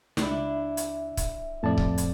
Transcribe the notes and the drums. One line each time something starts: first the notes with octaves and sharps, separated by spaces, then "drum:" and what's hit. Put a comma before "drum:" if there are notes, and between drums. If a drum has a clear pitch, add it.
C#2 D4 E4, drum: snare
E5
drum: hi-hat
drum: kick C#1, hi-hat
F2 A2 D5 A5
drum: kick C#1
drum: hi-hat